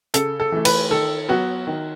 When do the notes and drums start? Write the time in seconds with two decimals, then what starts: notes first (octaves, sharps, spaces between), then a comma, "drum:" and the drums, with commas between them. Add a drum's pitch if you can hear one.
0.14 C#3 A4, drum: hi-hat
0.40 A4
0.52 E3 A3
0.65 B4, drum: cymbal
0.90 D#3 A4
1.28 F#3 B3 F#4
1.67 D#3